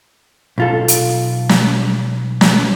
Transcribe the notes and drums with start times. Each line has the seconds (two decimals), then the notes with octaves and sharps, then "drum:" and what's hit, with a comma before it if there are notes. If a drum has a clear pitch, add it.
0.58 B1 F4 A4
0.88 drum: hi-hat
1.49 drum: snare
2.41 drum: snare